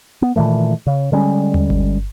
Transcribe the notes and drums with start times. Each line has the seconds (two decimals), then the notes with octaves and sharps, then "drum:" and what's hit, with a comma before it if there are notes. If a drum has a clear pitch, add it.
0.22 B3
0.36 A#2 D#3 E3 A3
0.87 C#3
1.12 D3 G3 G#3 C#4
1.54 drum: tom D#2
1.70 drum: kick G1